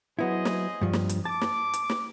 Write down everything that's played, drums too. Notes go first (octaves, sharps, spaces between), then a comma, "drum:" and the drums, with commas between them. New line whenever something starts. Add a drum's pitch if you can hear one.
F#3 B3 E4 G#4 C5 D#5
drum: snare
G2 F3
drum: snare
drum: hi-hat
A5 D6
drum: snare
drum: hi-hat
drum: snare